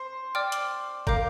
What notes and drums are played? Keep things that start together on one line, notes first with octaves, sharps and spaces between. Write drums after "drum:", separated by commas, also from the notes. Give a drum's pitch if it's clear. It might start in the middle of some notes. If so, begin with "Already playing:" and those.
Already playing: C5
D5 G5 D6 F6
drum: hi-hat
A#4 F5 D6 G6, drum: kick